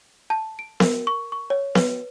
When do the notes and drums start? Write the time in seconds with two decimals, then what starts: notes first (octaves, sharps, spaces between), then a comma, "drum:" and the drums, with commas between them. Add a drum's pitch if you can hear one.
0.30 A5
0.59 D7
0.80 A#4, drum: snare B3
1.07 C#6
1.32 C#6
1.50 C#5
1.75 B4, drum: snare B3